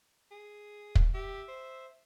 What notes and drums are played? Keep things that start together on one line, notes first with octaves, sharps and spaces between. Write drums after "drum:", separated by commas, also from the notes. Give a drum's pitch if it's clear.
G#4
drum: kick
G4 E5
C5